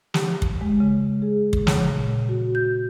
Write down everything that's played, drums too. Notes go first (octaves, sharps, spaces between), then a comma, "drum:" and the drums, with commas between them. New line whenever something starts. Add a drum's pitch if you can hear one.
G4, drum: snare
drum: kick
G#3
C#3
G#4
drum: kick
C#3, drum: snare
A#2
F#4
G6